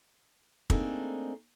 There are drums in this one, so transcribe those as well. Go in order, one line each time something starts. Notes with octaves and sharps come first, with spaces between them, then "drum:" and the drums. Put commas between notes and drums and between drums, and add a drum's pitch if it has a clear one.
A3 A#3 C4 D4 D#4 G#4, drum: kick